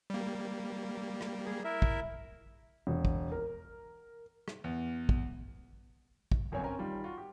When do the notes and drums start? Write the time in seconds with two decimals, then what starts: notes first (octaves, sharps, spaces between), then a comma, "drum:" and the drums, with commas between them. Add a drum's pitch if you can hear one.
0.10 G3 A#3
1.21 drum: rim click
1.46 G#4
1.64 E4 A#4 E5
1.82 drum: kick
2.87 E1
3.05 drum: kick
3.32 A#4
4.48 drum: rim click
4.64 E2
5.09 drum: kick
6.32 drum: kick
6.52 G1 F#2 A#3 C4 C#5 G#5
6.63 C4 C#4 A#4 G#5 A#5
6.79 D#3 G3 F4
7.04 F4 F#4
7.18 G4